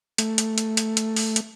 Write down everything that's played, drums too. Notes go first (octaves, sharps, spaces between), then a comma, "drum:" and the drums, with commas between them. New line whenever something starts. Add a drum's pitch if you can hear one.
A3, drum: hi-hat
drum: hi-hat
drum: hi-hat
drum: hi-hat
drum: hi-hat
drum: open hi-hat
drum: hi-hat